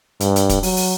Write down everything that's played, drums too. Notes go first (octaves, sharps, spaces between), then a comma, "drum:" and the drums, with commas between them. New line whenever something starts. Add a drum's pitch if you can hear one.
G2, drum: hi-hat
drum: hi-hat
drum: kick, hi-hat
F#3, drum: open hi-hat
drum: open hi-hat